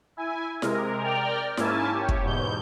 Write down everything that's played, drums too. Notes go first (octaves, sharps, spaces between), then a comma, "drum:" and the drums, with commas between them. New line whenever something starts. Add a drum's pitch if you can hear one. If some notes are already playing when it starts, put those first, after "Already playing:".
E4 G#5
C3 G#3 A#4, drum: snare E4
A#4 D5 G5 F6
G#2 A#3 C#4 E4 G#5 A5, drum: snare E4
G4 C#5
drum: kick
E2 G#2 B2 G6